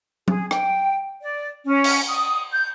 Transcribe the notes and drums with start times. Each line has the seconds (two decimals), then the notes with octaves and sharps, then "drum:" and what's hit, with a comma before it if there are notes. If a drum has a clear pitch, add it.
0.28 G#4, drum: tom F#3
0.51 G5, drum: rim click
1.22 D5
1.65 C#4
1.84 drum: cymbal
2.06 D#6
2.51 G6